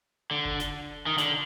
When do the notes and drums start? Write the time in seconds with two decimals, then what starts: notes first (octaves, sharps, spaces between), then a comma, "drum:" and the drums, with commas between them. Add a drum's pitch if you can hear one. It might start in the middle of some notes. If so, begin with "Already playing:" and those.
0.31 D3
0.45 drum: kick F#1
0.60 drum: snare
1.06 D#3
1.18 D3, drum: snare